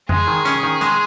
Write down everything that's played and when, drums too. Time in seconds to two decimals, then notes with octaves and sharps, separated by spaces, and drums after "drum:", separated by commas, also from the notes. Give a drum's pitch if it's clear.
0.09 G#3 G#4, drum: tom F2
0.27 D#3
0.45 C#4, drum: hi-hat
0.63 D#3
0.81 G#3, drum: hi-hat